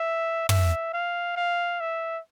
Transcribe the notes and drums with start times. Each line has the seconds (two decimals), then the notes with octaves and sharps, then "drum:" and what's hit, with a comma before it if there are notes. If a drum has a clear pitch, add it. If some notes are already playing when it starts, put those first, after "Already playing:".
Already playing: E5
0.49 E5, drum: tom
0.93 F5
1.37 F5
1.80 E5